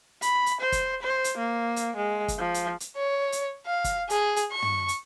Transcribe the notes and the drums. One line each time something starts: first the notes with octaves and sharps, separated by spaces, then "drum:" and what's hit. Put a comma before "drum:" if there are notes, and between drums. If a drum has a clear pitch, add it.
B5, drum: hi-hat
drum: hi-hat
C5
drum: kick, hi-hat
C5
drum: hi-hat
A#3
drum: hi-hat
G#3
drum: kick, hi-hat
F3
drum: hi-hat
drum: hi-hat
C#5
drum: hi-hat
F5
drum: kick, hi-hat
G#4, drum: hi-hat
drum: hi-hat
C#6
drum: tom
drum: hi-hat